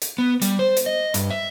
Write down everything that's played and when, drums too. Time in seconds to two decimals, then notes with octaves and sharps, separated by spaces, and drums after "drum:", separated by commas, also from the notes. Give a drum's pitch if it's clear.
0.02 drum: hi-hat
0.18 B3
0.42 G3, drum: hi-hat
0.59 C5
0.77 drum: hi-hat
0.86 D#5
1.14 G2, drum: hi-hat
1.30 E5